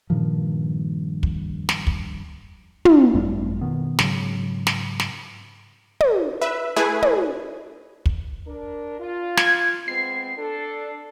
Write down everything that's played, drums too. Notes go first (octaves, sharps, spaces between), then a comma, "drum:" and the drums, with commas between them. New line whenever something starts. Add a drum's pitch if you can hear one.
G2 A#2 D#3 F3
drum: kick
drum: snare
drum: kick
drum: tom
G#1 F#2 G3 A3
B2 D#3 B3
G#2 C#3 F#3, drum: snare
drum: snare
drum: snare
drum: tom
B4 E5
A3 E4 G#4 B4 G#5
drum: tom
drum: kick
D4 A#4
F4
G#6, drum: snare
G#3 B3 C4 C7
D4 A4